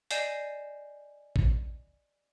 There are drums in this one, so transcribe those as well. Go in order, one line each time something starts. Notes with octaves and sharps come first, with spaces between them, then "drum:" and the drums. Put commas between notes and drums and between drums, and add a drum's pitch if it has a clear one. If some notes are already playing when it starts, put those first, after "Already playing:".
D5 D#5 G#5 G6 C7 E7, drum: hi-hat
drum: kick A1